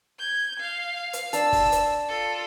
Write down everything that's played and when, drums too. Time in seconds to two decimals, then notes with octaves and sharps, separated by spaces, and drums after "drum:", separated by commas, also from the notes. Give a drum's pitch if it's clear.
0.19 G6 G#6
0.60 F5
1.13 drum: hi-hat
1.33 D4 A5 E6, drum: hi-hat
1.53 drum: kick, open hi-hat
1.72 drum: hi-hat
2.08 F4 A4